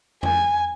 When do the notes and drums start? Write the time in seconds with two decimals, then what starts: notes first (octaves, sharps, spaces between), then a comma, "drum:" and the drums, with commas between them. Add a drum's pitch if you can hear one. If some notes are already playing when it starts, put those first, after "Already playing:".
0.23 G#5, drum: tom F2